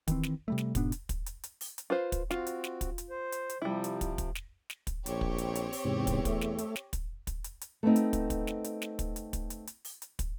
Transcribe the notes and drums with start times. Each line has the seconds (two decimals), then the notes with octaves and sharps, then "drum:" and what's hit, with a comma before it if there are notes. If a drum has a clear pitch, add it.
0.08 D#3 E3 C4, drum: kick, hi-hat
0.23 drum: snare
0.48 C3 G3 A3
0.58 drum: snare
0.75 G#2 B2 B3 D4, drum: kick, hi-hat
0.92 drum: hi-hat
1.09 drum: kick, hi-hat
1.26 drum: hi-hat
1.44 drum: hi-hat
1.61 drum: open hi-hat
1.78 drum: hi-hat
1.90 F4 B4 C5
2.12 drum: kick, hi-hat
2.31 C4 F4 F#4, drum: snare
2.47 drum: hi-hat
2.64 drum: snare
2.81 drum: kick, hi-hat
2.98 drum: hi-hat
3.10 C5
3.32 drum: hi-hat
3.49 drum: hi-hat
3.62 C3 F3 G3 E4
3.84 drum: hi-hat
4.01 drum: kick, hi-hat
4.18 drum: kick, hi-hat
4.35 drum: snare
4.70 drum: snare
4.87 drum: kick, hi-hat
5.06 A#1 C4 G4 C#5, drum: hi-hat
5.21 drum: kick
5.38 drum: hi-hat
5.55 drum: hi-hat
5.73 drum: open hi-hat
5.85 E2 G#2 C3
6.07 drum: kick, hi-hat
6.25 A3, drum: kick, hi-hat
6.41 drum: snare
6.58 drum: hi-hat
6.76 drum: snare
6.93 drum: kick, hi-hat
7.27 drum: kick, hi-hat
7.44 drum: hi-hat
7.61 drum: hi-hat
7.83 A3 B3 C4 D#4
7.96 drum: hi-hat
8.13 drum: kick, hi-hat
8.30 drum: kick, hi-hat
8.47 drum: snare
8.64 drum: hi-hat
8.82 drum: snare
8.99 drum: kick, hi-hat
9.16 drum: hi-hat
9.33 drum: kick, hi-hat
9.50 drum: hi-hat
9.67 drum: hi-hat
9.85 drum: open hi-hat
10.02 drum: hi-hat
10.19 drum: kick, hi-hat